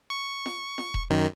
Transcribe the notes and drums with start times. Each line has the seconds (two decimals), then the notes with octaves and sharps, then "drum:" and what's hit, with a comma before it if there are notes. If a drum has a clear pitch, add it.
0.10 C#6
0.46 drum: snare
0.78 drum: snare
0.94 drum: kick E1
1.10 F#2 D#3